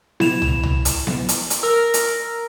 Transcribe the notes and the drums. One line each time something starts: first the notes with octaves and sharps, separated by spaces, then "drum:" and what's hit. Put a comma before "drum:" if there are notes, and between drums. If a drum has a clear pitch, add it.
E4 E7 F7, drum: snare B3
drum: tom
drum: tom
drum: hi-hat
drum: snare B3
drum: hi-hat
drum: hi-hat
A#4 E6
drum: hi-hat